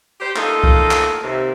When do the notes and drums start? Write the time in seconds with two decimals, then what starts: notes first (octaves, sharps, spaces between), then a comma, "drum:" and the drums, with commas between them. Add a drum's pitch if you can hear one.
0.21 G4 C5
0.36 A3 A#3 D#4 F4 A4, drum: clap
0.64 drum: kick C2
0.91 drum: clap
1.23 D#2 C3